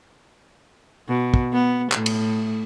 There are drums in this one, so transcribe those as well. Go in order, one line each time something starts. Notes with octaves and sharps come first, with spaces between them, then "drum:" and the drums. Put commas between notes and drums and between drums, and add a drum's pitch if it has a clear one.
B2
drum: kick
B3
A2, drum: clap
drum: cymbal